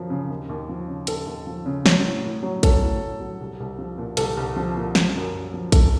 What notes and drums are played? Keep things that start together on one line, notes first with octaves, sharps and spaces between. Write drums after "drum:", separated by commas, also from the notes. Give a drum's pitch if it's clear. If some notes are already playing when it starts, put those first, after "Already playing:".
Already playing: F#2 F3
C#3
D#2
D#2
F3
C#3
D#2 A4, drum: hi-hat
D#2
F3
C#3
F#3, drum: snare
A2
A2
F#3
F#3 A4, drum: kick, hi-hat
A2
A2
F#3
C2
C2
F3
A#2
C2 A4, drum: hi-hat
C2
F3
A#2
F3, drum: snare
F#2
F#2
F3
F3 A4, drum: kick, hi-hat